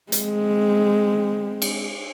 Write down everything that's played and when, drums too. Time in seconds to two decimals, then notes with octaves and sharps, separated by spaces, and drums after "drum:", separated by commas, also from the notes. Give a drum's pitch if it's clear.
0.12 G#3 C4, drum: hi-hat
1.62 drum: cymbal